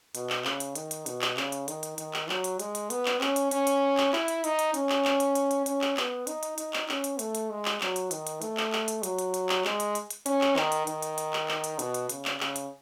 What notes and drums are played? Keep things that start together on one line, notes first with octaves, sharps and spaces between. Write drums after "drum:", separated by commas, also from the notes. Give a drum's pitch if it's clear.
B2, drum: hi-hat
drum: clap
C#3, drum: clap
drum: hi-hat
D#3, drum: hi-hat
drum: hi-hat
B2, drum: hi-hat
drum: clap
C#3, drum: clap
drum: hi-hat
D#3, drum: hi-hat
drum: hi-hat
D#3, drum: hi-hat
drum: clap
F#3, drum: clap
drum: hi-hat
G#3, drum: hi-hat
drum: hi-hat
B3, drum: hi-hat
drum: clap
C#4, drum: clap
drum: hi-hat
C#4, drum: hi-hat
drum: hi-hat
drum: clap
E4, drum: clap
drum: hi-hat
D#4, drum: hi-hat
drum: hi-hat
C#4, drum: hi-hat
drum: clap
drum: clap
drum: hi-hat
drum: hi-hat
drum: hi-hat
C#4, drum: hi-hat
drum: clap
B3, drum: clap
D#4, drum: hi-hat
drum: hi-hat
D#4, drum: hi-hat
drum: clap
C#4, drum: clap
drum: hi-hat
A3, drum: hi-hat
drum: hi-hat
G#3
drum: clap
F#3, drum: clap
drum: hi-hat
D#3, drum: hi-hat
drum: hi-hat
A3, drum: hi-hat
drum: clap
drum: clap
drum: hi-hat
F#3, drum: hi-hat
drum: hi-hat
drum: hi-hat
drum: clap
G#3, drum: clap
drum: hi-hat
drum: hi-hat
drum: hi-hat
C#4, drum: hi-hat
drum: clap
D#3, drum: clap
drum: hi-hat
D#3, drum: hi-hat
drum: hi-hat
drum: hi-hat
drum: clap
drum: clap
drum: hi-hat
B2, drum: hi-hat
drum: hi-hat
C#3, drum: hi-hat
drum: clap
C#3, drum: clap
drum: hi-hat